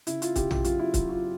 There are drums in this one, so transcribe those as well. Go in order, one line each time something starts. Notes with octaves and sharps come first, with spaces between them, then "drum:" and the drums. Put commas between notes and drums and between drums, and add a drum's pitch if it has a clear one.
C#3 E4, drum: hi-hat
F4, drum: hi-hat
C#3 G4, drum: kick C#1, hi-hat
G4, drum: tom A#1
F#3 F4, drum: hi-hat
E4
F#3 E4, drum: kick C#1, hi-hat
F4